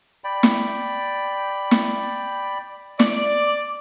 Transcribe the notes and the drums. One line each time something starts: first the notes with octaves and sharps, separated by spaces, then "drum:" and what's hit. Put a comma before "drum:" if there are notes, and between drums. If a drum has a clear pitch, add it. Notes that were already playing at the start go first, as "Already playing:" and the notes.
D5 G5 B5
drum: snare
drum: snare
D5, drum: snare